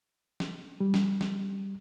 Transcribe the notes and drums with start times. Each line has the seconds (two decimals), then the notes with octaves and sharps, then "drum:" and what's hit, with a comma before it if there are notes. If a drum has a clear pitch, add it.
0.40 drum: snare
0.80 G3
0.94 drum: snare
1.21 drum: snare